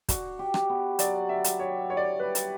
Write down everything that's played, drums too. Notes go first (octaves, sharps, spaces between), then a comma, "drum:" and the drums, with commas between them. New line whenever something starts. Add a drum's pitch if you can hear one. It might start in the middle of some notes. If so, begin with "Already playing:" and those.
D4 F#4, drum: kick, hi-hat
G4
drum: rim click
B3
F#3 D5, drum: hi-hat
D4 E5
drum: hi-hat
G4 C#5
E4 C#5
D5
C#5
G3 B4
drum: hi-hat